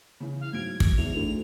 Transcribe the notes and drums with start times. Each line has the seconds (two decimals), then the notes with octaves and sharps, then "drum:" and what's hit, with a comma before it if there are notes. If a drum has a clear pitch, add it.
0.20 C#3 E3
0.40 F5
0.52 G#2 F#3 G#6 D7
0.80 drum: kick
0.97 E2 F7
1.15 D2